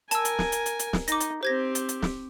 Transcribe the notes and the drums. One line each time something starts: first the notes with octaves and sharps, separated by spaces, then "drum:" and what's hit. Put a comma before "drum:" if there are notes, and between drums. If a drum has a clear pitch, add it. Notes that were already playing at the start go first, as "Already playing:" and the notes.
A#4 G#5 A5 E6, drum: hi-hat
drum: hi-hat
drum: snare
drum: hi-hat
drum: hi-hat
drum: hi-hat
drum: snare
D#4 D6 A#6, drum: hi-hat
drum: hi-hat
C4 G4 C5 G#6 A#6
drum: hi-hat
drum: hi-hat
drum: snare